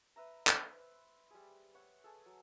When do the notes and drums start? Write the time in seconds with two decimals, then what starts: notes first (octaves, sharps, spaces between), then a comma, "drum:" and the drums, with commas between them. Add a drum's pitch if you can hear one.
0.16 B4 E5 A#5
0.47 B4 C5, drum: clap
1.30 G3 G#4
1.75 C#5 F#5
2.04 G#4 A4
2.26 F#3